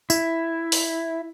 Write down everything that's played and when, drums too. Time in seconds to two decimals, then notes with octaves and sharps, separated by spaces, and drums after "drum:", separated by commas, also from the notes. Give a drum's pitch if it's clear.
0.10 E4, drum: tambourine
0.72 drum: open hi-hat